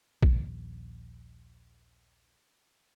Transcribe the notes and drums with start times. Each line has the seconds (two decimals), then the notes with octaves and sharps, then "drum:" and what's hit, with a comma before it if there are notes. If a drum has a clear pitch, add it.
0.23 A#1 D#2, drum: kick A#1